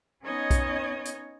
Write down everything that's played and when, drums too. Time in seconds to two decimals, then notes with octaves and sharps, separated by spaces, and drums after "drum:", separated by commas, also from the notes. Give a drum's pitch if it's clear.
0.23 B3 C#4 D#4 C#5 D#5 G#6
0.51 drum: kick B1, hi-hat
1.05 drum: hi-hat